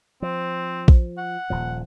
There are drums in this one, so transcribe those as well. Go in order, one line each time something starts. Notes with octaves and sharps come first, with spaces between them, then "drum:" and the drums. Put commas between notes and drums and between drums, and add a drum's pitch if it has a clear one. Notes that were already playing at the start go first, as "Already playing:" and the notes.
F3 C4
drum: kick A#1
F#5
D#1 A#2 F3